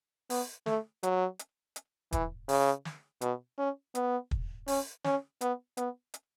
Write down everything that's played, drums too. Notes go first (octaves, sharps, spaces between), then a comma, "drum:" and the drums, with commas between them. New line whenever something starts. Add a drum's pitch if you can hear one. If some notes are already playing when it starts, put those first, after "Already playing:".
B3, drum: open hi-hat
A3, drum: snare
F#3, drum: hi-hat
drum: hi-hat
drum: hi-hat
E3, drum: kick, hi-hat
C#3, drum: open hi-hat
drum: snare
B2, drum: hi-hat
C#4
B3, drum: hi-hat
drum: kick
C#4, drum: open hi-hat
C#4, drum: snare
B3, drum: hi-hat
B3, drum: hi-hat
drum: hi-hat